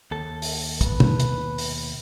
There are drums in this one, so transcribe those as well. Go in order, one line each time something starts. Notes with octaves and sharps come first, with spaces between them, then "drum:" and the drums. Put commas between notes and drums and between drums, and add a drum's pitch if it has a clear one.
D#2 A4
drum: open hi-hat
A#1 G#2 B2 B4, drum: kick, hi-hat
drum: tom
drum: hi-hat
B2
drum: open hi-hat